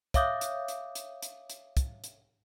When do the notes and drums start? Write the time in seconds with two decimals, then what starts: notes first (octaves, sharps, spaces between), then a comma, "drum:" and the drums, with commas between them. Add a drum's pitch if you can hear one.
0.14 C#5 E5 F5 D6 D#6 G6, drum: kick, hi-hat
0.41 drum: hi-hat
0.68 drum: hi-hat
0.95 drum: hi-hat
1.22 drum: hi-hat
1.50 drum: hi-hat
1.77 drum: kick, hi-hat
2.04 drum: hi-hat